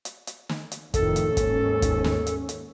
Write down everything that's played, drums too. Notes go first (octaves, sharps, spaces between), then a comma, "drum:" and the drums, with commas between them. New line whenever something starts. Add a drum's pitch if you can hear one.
drum: hi-hat
drum: hi-hat
drum: snare
drum: hi-hat
F2 A2 D#3 A4, drum: kick, hi-hat
drum: hi-hat
D#2 G#2 C#4, drum: kick, hi-hat
drum: kick, hi-hat
drum: snare
drum: hi-hat
drum: hi-hat